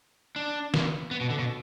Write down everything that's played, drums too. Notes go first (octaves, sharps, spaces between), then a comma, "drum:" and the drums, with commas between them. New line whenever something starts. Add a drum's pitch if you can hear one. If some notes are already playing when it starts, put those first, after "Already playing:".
D4
drum: snare
B3
B2
D3
B2